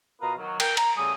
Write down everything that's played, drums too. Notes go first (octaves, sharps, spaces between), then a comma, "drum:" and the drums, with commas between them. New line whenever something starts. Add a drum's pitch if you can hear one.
B2 F4 A#4 B4 D#5 A#5
D#3 F#3
A#4 G5, drum: cymbal
A#5, drum: cymbal
C#3 G3 A3 G#5 D#6